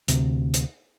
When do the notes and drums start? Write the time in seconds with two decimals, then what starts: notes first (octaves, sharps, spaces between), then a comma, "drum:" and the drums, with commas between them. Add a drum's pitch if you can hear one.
0.08 D2 C3, drum: hi-hat
0.54 drum: hi-hat